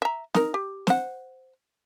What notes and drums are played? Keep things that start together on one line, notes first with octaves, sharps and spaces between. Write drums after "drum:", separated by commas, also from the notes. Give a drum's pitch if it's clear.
E5 A#5
D#4 A#4, drum: snare
G4
C5 F#5, drum: snare